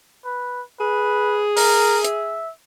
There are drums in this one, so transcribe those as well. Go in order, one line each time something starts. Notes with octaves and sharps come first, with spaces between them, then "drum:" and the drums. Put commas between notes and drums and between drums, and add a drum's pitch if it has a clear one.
B4
G#4 B4
A#4, drum: open hi-hat
E5, drum: hi-hat